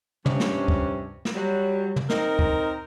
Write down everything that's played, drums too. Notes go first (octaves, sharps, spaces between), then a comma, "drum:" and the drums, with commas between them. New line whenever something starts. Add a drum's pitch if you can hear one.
G2 C3 F3 C#4 D4, drum: tom
drum: snare
drum: kick C#2
drum: snare
F#3 G3
drum: tom
C4 D#4 A#4, drum: snare
drum: kick C#2